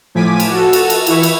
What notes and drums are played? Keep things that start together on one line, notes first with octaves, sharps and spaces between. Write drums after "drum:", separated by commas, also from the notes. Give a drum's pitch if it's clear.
A2 F3 G#5 D6 B6 D#7
drum: cymbal
F#4 A4
drum: cymbal
drum: cymbal
E3 E4 E5 C#6, drum: cymbal
drum: cymbal